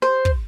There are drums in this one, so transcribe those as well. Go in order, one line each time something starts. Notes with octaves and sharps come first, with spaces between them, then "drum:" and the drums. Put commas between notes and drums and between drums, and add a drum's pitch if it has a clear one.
C5
drum: kick